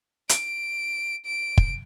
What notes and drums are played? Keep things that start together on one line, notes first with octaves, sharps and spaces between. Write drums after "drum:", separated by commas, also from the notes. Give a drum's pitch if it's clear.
D7, drum: hi-hat
D7
drum: kick